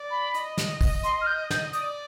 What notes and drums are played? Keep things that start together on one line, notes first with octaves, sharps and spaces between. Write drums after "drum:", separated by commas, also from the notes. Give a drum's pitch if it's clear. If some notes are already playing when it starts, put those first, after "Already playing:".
Already playing: D5
B5
D#5, drum: hi-hat
drum: snare
drum: kick, open hi-hat
C6, drum: hi-hat
F6
G6
G6, drum: snare
D5 D#6, drum: hi-hat